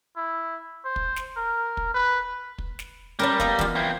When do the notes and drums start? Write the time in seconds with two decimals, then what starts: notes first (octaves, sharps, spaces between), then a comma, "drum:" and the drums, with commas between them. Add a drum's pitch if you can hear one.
0.16 E4
0.85 C5
0.96 drum: kick
1.16 drum: snare
1.37 A#4
1.77 drum: kick
1.94 B4
2.58 drum: kick
2.79 drum: snare
3.19 G3 C#4 A#4 B4 C#5 A5
3.40 B3 D5 D#5 F5 A#5, drum: kick
3.59 E3 F4, drum: kick
3.76 C4 E4